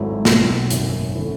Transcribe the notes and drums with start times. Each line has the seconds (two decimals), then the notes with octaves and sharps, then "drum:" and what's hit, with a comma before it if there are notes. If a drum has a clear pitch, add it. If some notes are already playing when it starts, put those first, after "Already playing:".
Already playing: G#1 G#2 F#3 A3 E4
0.25 B1 B2 F#3, drum: snare
0.70 G#1 F#2 C#3, drum: hi-hat
1.15 D3 A3 C#4 E4